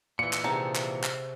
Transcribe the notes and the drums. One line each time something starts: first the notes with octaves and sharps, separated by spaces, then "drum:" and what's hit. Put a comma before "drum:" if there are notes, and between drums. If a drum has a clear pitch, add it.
A#2 E3 C#7
drum: clap
C3 D#3 G#4 A5
drum: clap
drum: clap